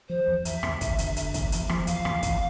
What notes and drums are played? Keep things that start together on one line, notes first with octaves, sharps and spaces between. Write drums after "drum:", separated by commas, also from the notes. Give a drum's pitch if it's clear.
F3 C5
E2
E2 E5, drum: hi-hat
E2, drum: rim click
E2, drum: kick, hi-hat
D3, drum: hi-hat
E2, drum: hi-hat
E2, drum: kick, hi-hat
F3, drum: hi-hat
F3, drum: rim click
E2 F5, drum: hi-hat
E2, drum: rim click
E2, drum: kick, hi-hat